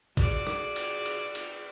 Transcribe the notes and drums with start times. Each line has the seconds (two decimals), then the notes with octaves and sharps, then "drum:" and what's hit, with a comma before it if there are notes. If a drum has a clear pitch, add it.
0.17 F#4 G#4 D5, drum: kick A1, cymbal
0.47 drum: rim click
0.76 drum: cymbal
1.06 drum: cymbal
1.35 drum: cymbal